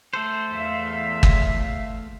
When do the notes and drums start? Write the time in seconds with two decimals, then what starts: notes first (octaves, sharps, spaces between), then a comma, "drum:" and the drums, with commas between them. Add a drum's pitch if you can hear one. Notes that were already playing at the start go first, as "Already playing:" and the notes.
0.14 A3 A4 C5
0.52 E2 E5 F5
1.23 drum: kick